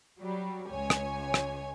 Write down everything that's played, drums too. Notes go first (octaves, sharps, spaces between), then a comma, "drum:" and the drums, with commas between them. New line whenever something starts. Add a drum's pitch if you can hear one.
F#3 G3
C#2 C#5 G#5
drum: rim click
drum: rim click